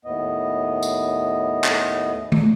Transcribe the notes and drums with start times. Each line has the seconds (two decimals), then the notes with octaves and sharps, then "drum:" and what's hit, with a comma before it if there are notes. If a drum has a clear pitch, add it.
0.05 D#2 A2 B3 D#5
0.83 drum: tambourine
1.64 drum: clap
2.32 drum: tom D#3